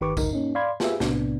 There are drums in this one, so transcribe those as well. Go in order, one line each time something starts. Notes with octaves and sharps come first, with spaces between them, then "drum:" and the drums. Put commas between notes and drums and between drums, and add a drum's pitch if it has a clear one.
G1 D#3 G4 B4 C#6 D6
G1 D2 D#4 A#4, drum: kick A#1, tambourine
A#3 C#4 D#4
D5 F5 B5 C6 G#6
F4 G4 G#4 B4 E5, drum: snare
B1 A2 C3 B3 D4, drum: snare